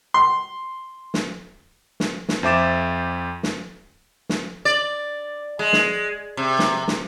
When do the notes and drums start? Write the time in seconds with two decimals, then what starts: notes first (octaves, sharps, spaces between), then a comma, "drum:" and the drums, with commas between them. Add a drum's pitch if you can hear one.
0.14 C6
1.14 drum: snare
2.00 drum: snare
2.29 drum: snare
2.43 F2 C5 E5 D6 A6 E7
3.43 drum: snare
4.29 drum: snare
4.65 D5
5.59 G#3
5.73 drum: snare
6.37 C3
6.59 drum: snare
6.88 drum: snare